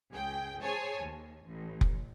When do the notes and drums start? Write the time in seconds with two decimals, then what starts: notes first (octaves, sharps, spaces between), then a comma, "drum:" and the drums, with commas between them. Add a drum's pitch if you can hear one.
0.12 C#2 G#4 G5
0.62 G#4 C5 C#5 G#5 A5
1.03 D#2
1.45 A1
1.81 drum: kick F1